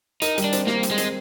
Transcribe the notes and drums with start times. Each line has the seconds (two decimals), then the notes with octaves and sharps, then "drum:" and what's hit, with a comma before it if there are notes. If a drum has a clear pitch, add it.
0.22 D#4 A#4, drum: hi-hat
0.38 G3, drum: hi-hat
0.44 D4
0.53 C4, drum: hi-hat
0.67 G3 A#3, drum: snare
0.83 A#4, drum: hi-hat
0.91 G#3
0.98 C4, drum: hi-hat